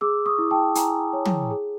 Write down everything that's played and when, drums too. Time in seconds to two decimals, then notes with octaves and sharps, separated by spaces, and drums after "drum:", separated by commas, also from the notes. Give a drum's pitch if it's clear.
0.01 G#4 D6 E6
0.26 C#6 D#6
0.38 E4
0.51 G5 A5
0.75 E4 G#5 A#5, drum: hi-hat
1.13 C#5
1.25 drum: tom
1.51 G#4